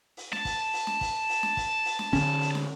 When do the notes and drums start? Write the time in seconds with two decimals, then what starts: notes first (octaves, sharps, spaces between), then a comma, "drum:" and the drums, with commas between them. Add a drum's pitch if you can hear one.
0.17 drum: open hi-hat
0.33 A5, drum: snare
0.45 drum: kick, open hi-hat
0.73 drum: open hi-hat
0.87 drum: snare
1.01 drum: kick, open hi-hat
1.29 drum: open hi-hat
1.43 drum: snare
1.57 drum: kick, open hi-hat
1.85 drum: open hi-hat
1.99 drum: snare
2.13 D3 C#4, drum: kick, open hi-hat
2.41 drum: open hi-hat
2.55 drum: snare